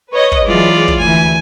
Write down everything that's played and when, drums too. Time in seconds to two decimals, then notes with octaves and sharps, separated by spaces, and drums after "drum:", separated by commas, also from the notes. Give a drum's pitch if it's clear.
0.13 B4 C#5 D#5
0.32 drum: kick
0.46 E3 F#3 G#3 F4 D5
0.88 drum: kick
1.00 D2 E3 G#5